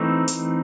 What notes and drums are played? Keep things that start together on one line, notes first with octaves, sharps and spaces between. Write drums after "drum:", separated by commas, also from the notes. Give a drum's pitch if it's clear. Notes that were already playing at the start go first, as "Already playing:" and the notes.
Already playing: E3 A3 C4 D#4
drum: hi-hat